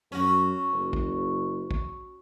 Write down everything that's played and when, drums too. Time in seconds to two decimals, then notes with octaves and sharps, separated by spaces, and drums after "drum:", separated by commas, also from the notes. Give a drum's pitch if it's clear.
0.12 F#2 C#4 F#4
0.74 F#1
0.93 drum: kick
1.71 drum: kick